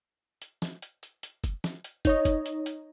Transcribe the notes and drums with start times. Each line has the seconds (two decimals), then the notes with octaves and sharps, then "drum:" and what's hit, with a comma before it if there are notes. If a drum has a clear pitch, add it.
0.42 drum: hi-hat
0.62 drum: snare
0.82 drum: hi-hat
1.03 drum: hi-hat
1.23 drum: hi-hat
1.44 drum: kick, hi-hat
1.64 drum: snare
1.84 drum: hi-hat
2.05 D#4 C#5 D#5, drum: kick, hi-hat
2.25 drum: kick, hi-hat
2.46 drum: hi-hat
2.66 drum: hi-hat